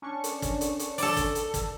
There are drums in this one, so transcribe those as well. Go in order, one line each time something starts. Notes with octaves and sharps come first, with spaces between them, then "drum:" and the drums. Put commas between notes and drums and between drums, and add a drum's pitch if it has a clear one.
C#4 D4 C#6
drum: hi-hat
drum: kick, hi-hat
drum: hi-hat
drum: hi-hat
A4 D5, drum: open hi-hat
drum: kick, hi-hat
drum: hi-hat
drum: kick, hi-hat